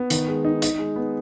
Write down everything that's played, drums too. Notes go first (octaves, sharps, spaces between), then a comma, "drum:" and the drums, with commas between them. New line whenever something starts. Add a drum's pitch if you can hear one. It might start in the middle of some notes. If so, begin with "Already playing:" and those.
Already playing: B3
D#3, drum: hi-hat
G#3
D#4
D#4, drum: hi-hat
G#3
B3